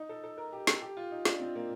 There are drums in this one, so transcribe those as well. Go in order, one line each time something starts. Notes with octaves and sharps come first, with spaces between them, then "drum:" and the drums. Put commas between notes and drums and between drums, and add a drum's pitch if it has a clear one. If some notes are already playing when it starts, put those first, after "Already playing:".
Already playing: D#4
A4
A4
A#4
G4
A4, drum: snare
G4
F4
D#4
D4, drum: snare
C4
A#3